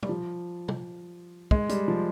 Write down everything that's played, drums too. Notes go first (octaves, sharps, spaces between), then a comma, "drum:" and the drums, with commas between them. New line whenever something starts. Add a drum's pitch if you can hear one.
G3, drum: tom B2
F3
drum: tom
G#3, drum: kick
G3, drum: hi-hat
F3